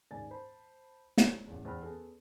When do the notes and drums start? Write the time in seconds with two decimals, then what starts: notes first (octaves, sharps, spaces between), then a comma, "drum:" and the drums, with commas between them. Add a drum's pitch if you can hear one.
0.11 D#1 G#2 D5 G#5 A6
0.31 C5 A5 B5
1.17 D4 C5 C#5, drum: snare
1.48 A1 E2
1.65 E2 C5 G5 B5 F6
1.83 B3 G#4 A4